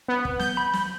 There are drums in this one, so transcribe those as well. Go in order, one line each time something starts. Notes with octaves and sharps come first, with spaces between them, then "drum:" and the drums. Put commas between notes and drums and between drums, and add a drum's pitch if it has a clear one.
B3
drum: kick
G6, drum: snare
B5
drum: snare